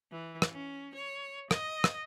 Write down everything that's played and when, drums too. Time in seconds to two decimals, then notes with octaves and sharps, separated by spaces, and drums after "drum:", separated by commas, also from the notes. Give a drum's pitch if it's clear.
0.12 E3
0.42 drum: rim click
0.52 C#4
0.95 C#5
1.51 D#5, drum: rim click
1.84 drum: rim click